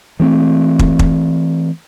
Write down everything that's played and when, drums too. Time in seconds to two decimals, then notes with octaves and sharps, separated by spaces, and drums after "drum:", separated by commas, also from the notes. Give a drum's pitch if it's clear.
0.20 E3 A3 C4
0.79 drum: kick
0.99 drum: kick